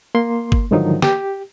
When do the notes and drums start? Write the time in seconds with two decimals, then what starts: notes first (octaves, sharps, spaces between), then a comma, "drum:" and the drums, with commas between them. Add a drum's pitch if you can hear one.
0.15 A#3 C6
0.52 drum: kick
0.71 G#2 D3 D#3 F3 F#3 D#4
1.02 G4, drum: snare